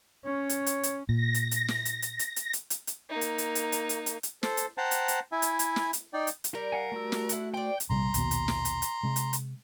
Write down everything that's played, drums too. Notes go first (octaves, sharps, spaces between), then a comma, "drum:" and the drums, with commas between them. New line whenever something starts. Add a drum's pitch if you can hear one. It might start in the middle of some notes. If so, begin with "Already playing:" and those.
C#4 C#5
drum: hi-hat
drum: hi-hat
drum: hi-hat
A#2 A#6
drum: hi-hat
drum: hi-hat
drum: snare
drum: hi-hat
drum: hi-hat
drum: hi-hat
drum: hi-hat
drum: hi-hat
drum: hi-hat
drum: hi-hat
A#3 D#4
drum: hi-hat
drum: hi-hat
drum: hi-hat
drum: hi-hat
drum: hi-hat
drum: hi-hat
drum: hi-hat
A4 C5, drum: snare
drum: hi-hat
C5 F#5 G5 A5 A#5
drum: hi-hat
drum: hi-hat
E4 E5 G#5
drum: hi-hat
drum: hi-hat
drum: snare
drum: hi-hat
D#4 D5 G5
drum: hi-hat
drum: hi-hat
G3 A#4
F5 F#5 G#5
A3 F#4 E6
drum: snare
E4 F#5, drum: hi-hat
C5 D5 G5
drum: hi-hat
A#1 C3 G3 A#5 C6
A#1 D#2 B2, drum: hi-hat
drum: hi-hat
drum: snare
drum: hi-hat
drum: hi-hat
C3 G#3
drum: hi-hat
drum: hi-hat